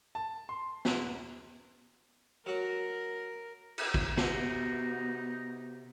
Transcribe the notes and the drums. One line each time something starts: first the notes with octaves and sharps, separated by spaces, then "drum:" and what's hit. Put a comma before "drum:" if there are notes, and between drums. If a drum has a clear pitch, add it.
A5
C6
drum: snare
F#3 F#4 A#4
drum: cymbal
drum: kick
C3 B3 D#4 F#4, drum: snare